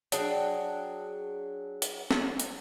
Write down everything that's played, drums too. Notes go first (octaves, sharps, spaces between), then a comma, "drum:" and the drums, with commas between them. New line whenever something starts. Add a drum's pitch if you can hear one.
F#3 D4 G#4 G5, drum: hi-hat
drum: hi-hat
drum: snare
drum: hi-hat